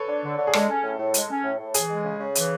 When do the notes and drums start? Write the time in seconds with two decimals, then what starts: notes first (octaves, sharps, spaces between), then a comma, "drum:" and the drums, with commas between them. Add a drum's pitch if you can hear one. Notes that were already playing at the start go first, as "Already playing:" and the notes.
Already playing: A4 B4 C#5
0.08 D4
0.23 D3
0.38 D3
0.47 G#4
0.53 G#3 A4, drum: rim click
0.69 C#4
0.84 A2
0.99 A2
1.14 G#3, drum: hi-hat
1.30 C#4
1.44 A2
1.59 A2
1.74 E3 G#4, drum: hi-hat
1.90 G#3
2.05 C#3
2.20 C#3
2.35 E3, drum: hi-hat